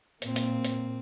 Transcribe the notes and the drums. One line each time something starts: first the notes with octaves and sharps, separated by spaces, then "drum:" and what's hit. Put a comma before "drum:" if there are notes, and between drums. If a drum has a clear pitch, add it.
A#2 A#3 C4, drum: hi-hat
drum: hi-hat
drum: hi-hat